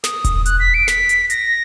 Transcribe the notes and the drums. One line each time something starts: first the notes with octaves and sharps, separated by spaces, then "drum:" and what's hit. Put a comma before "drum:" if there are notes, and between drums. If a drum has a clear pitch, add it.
D#6, drum: snare
drum: kick E1, hi-hat
F#6, drum: hi-hat
B6
D7
B6, drum: snare
drum: hi-hat
A#6, drum: hi-hat